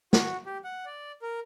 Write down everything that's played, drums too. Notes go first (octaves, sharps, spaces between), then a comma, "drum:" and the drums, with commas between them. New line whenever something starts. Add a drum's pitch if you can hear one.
F#4, drum: snare
G4
F#5
D5
A#4